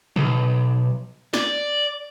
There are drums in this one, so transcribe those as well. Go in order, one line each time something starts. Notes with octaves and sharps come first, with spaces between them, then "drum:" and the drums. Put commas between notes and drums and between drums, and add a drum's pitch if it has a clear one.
B1, drum: tom
D5, drum: snare